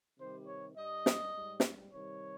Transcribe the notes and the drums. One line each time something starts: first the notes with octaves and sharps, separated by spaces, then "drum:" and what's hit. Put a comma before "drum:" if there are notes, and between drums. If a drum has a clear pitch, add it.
C3 D#3 G3 C5
C#5
G2 G3 D#5
drum: snare
G#2 G3
drum: snare
C3 D#3 G3 C#5